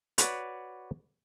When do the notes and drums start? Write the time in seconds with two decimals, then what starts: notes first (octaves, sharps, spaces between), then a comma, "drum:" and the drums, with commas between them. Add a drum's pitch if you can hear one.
0.18 F#4 B4 C#5 D5, drum: hi-hat